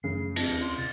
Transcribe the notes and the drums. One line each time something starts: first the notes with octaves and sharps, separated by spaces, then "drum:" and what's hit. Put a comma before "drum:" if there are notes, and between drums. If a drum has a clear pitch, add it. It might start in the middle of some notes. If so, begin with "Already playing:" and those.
F#2 C#3 F3 A3 C7
A5, drum: cymbal
D#2
C6
C3 A6